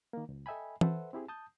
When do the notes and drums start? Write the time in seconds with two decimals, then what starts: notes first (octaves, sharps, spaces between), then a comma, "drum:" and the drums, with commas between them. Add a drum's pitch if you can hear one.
0.13 D#3 A#3
0.29 C#2
0.46 A4 D#5 E5 G5 G#5 B5
0.81 A4 B4 C5 E5 F#5, drum: tom E3
1.13 C4 E4 G4 G#4
1.28 A5 D#6 G6